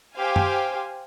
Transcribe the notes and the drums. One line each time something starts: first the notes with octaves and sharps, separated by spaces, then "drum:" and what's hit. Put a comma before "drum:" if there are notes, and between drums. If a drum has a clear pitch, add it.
G4 C5 F5 G#5
drum: tom